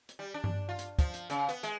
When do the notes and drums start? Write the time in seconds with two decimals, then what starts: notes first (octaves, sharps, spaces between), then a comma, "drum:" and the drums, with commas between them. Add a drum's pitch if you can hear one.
0.09 drum: hi-hat
0.19 G3
0.34 D4
0.44 drum: tom G2
0.69 F4
0.79 drum: hi-hat
0.99 F3, drum: kick, hi-hat
1.14 drum: hi-hat
1.30 C#3, drum: hi-hat
1.49 B3, drum: hi-hat
1.63 G#3, drum: hi-hat